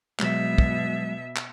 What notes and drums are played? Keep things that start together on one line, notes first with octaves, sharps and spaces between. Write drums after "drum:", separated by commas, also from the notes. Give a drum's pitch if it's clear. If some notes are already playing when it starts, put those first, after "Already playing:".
B2 F#3 G#3 E5, drum: clap
drum: kick
drum: clap